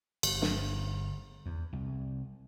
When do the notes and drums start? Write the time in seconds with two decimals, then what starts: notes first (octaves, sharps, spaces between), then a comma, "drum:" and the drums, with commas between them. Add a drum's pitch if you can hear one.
0.23 G1, drum: cymbal
0.42 drum: snare
1.46 E2
1.73 C2